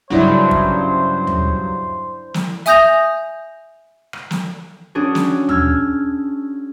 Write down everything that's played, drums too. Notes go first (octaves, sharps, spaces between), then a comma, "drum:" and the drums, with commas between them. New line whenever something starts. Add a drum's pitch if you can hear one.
G2 C#3 F#3 D4 E4 C5 D5
drum: kick
drum: tom D#2
drum: snare
E5 G#5 D#6 G6 A#6 F7, drum: hi-hat
drum: rim click
drum: snare
C#4 D4 F#4 G#4
drum: snare
E6 F6 G#6, drum: tom D#2